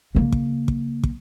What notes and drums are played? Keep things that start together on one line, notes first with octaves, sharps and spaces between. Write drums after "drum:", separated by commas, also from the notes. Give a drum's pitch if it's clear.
C#3 A#3
drum: kick
drum: kick
drum: kick